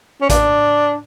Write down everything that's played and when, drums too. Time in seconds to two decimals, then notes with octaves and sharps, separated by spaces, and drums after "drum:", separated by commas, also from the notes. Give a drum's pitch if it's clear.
0.21 C#4
0.30 D4, drum: kick A1, hi-hat